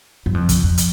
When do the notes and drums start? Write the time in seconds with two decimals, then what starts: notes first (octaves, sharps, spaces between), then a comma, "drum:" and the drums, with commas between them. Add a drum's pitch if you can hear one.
0.26 F#2
0.34 F2
0.49 drum: kick, hi-hat
0.64 F2
0.78 drum: hi-hat